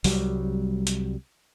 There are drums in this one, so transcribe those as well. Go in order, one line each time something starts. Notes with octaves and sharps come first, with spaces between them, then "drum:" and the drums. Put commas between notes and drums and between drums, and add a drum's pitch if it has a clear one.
C2 F#3 G3, drum: open hi-hat
drum: hi-hat